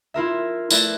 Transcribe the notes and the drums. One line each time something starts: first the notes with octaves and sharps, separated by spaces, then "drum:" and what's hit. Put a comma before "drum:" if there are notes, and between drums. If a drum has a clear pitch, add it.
E4 F4 A#4 E5
A3 E4 B4 D5 E5, drum: tambourine